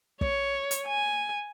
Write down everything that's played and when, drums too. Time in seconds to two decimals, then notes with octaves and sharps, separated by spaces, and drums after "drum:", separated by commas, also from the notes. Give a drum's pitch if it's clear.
0.21 C#5, drum: kick
0.71 drum: hi-hat
0.86 G#5